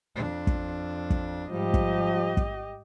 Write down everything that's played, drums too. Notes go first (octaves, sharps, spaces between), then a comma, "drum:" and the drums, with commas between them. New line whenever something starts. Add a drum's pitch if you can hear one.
F2 D4
drum: kick
drum: kick
G#2 F3 G3 G4 D#5
drum: kick
drum: kick